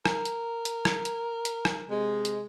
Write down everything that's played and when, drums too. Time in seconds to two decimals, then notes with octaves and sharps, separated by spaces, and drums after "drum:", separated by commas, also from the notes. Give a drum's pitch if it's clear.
0.05 A#4, drum: rim click
0.25 drum: hi-hat
0.65 drum: hi-hat
0.85 drum: rim click
1.05 drum: hi-hat
1.45 drum: hi-hat
1.65 drum: rim click
1.88 C3 G#3
2.25 drum: hi-hat